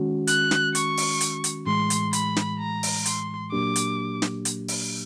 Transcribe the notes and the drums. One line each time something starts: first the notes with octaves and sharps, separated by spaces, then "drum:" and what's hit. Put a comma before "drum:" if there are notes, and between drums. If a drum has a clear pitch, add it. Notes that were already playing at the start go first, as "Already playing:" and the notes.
Already playing: D#3 G#3 C#4 F#4
F#6, drum: hi-hat
drum: snare
C#6, drum: hi-hat
drum: open hi-hat
drum: hi-hat
drum: hi-hat
A2 E3 G#3 C6
drum: hi-hat
B5, drum: hi-hat
drum: snare
A#5
drum: open hi-hat
C6, drum: hi-hat
A#2 F#3 A#3 D4 G4 D6
drum: hi-hat
drum: snare
drum: hi-hat
drum: open hi-hat